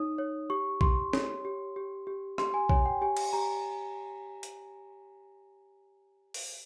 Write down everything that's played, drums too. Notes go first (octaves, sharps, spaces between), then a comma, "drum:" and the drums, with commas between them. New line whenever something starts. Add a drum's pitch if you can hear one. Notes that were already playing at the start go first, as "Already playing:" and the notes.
Already playing: D#4 C#5 D#6
C#5
G4 C#6
G4 C6, drum: kick A#1
C#5, drum: snare
G4
G4
G4
G4 C6, drum: rim click
G#5
C#5 G#5, drum: kick A#1
G5
G4 G#5
drum: cymbal
G4 A#5
drum: hi-hat
drum: open hi-hat